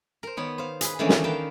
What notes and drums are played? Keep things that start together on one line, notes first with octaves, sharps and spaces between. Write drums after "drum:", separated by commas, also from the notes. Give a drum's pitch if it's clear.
A#4 C5
D#3 B3 C#5
C5 F5
G#4 B4, drum: hi-hat
D#3 E3 A3 A#3 C#4 D4
drum: snare
A#4 B4 F5 G5 A5